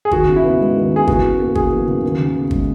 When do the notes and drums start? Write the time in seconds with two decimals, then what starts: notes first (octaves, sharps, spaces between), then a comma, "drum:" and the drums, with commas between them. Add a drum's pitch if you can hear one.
0.05 G#4
0.11 D#2 F#4, drum: kick
0.28 C#3
0.36 E4
0.44 B3
0.60 G#3
0.76 D#2
0.92 C#3 G#4
1.07 E2 F#4, drum: kick
1.23 C#3
1.40 A#3
1.55 F#3 G#4, drum: kick
1.71 E2
1.87 C#3
2.04 D#2
2.19 C#3
2.36 B3
2.51 G#3, drum: kick